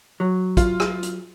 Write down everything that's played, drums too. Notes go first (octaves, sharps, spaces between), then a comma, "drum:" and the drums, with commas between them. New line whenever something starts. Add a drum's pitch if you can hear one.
F#3
F4, drum: kick, hi-hat
drum: rim click
drum: hi-hat